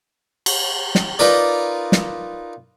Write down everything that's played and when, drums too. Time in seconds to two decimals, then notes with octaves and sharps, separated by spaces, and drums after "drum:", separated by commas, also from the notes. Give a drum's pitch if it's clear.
0.46 drum: cymbal
0.95 drum: snare
1.19 D#4 F4 A#4 B4 D5
1.92 drum: snare